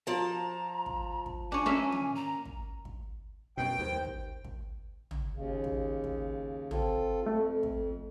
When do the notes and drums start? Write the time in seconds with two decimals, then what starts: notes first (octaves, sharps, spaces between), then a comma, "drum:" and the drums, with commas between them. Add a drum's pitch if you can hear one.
0.07 F3 A5 A#5
0.86 drum: kick
1.26 drum: kick
1.52 D4 C#5 G#5
1.66 A#3 C#4 E5
1.92 drum: tom D#3
2.16 A#5
2.45 drum: kick
2.85 drum: kick
3.57 F#2 B2 G5
3.79 D#2 A#4 C5
4.05 drum: kick
4.45 drum: kick
5.11 drum: tom
5.34 D#2 C#3
5.64 drum: kick
6.04 drum: kick
6.71 C4 F4 A4, drum: tom
7.26 F2 A3
7.63 drum: kick